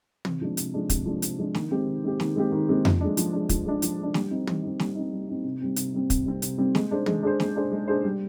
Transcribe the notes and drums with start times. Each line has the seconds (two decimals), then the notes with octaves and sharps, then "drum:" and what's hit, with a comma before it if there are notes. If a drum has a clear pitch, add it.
0.25 C3, drum: tom
0.41 F3 G#3 D4
0.57 C3, drum: hi-hat
0.74 F3 G#3 D4
0.90 C3, drum: kick, hi-hat
1.06 F3 G#3 D4
1.22 C3, drum: hi-hat
1.38 F3 G#3 D4
1.55 D#3, drum: snare
1.71 G#3 C4 G4
1.87 D#3
2.04 G#3 C4 G4
2.20 D#3, drum: snare
2.36 G#3 C4 G4
2.52 D#3
2.69 G#3 C4 G4
2.85 F3, drum: tom F2
3.01 G#3 D4
3.17 F3, drum: hi-hat
3.33 G#3 D4
3.49 F3, drum: kick, hi-hat
3.66 G#3 D4
3.82 F3, drum: hi-hat
3.98 G#3 D4
4.14 G3, drum: snare
4.31 C4 D#4
4.47 G3, drum: tom
4.63 C4 D#4
4.80 G3, drum: snare
4.95 C4 D#4
5.12 G3
5.28 C4 D#4
5.44 C3
5.61 G3 C4
5.76 C3, drum: hi-hat
5.93 G3 C4
6.10 C3, drum: kick, hi-hat
6.26 G3 C4
6.42 C3, drum: hi-hat
6.58 G3 C4
6.75 G#3, drum: snare
6.91 D4 G#4 C5
7.06 G#3, drum: tom
7.23 D4 G#4 C5
7.40 G#3, drum: snare
7.56 D4 G#4 C5
7.72 G#3
7.88 D4 G#4 C5
8.04 G3